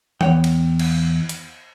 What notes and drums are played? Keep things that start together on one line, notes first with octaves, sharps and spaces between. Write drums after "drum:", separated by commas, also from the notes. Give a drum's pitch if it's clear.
E2 G2 C#5 F#5 G5, drum: tom E3
drum: cymbal
drum: cymbal
drum: hi-hat